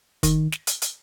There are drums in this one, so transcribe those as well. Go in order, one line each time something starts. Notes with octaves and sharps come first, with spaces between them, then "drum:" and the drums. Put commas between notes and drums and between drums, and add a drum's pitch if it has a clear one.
D#3, drum: kick, hi-hat
drum: snare
drum: hi-hat
drum: hi-hat